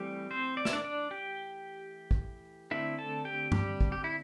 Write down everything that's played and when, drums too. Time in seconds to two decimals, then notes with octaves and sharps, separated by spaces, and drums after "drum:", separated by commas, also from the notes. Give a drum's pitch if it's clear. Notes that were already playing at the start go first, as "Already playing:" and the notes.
Already playing: E3 G3 A3 C4 G4
0.31 C4 C5
0.57 D5
0.65 E5, drum: snare
0.73 D4 D5
0.84 D4 D5
1.11 G4 G5
2.11 drum: kick
2.71 D3 A3 C4 E4 E5
2.99 A4 A5
3.25 G4 G5
3.52 G3 G4, drum: tom G2
3.81 drum: kick
3.92 G4
4.04 E4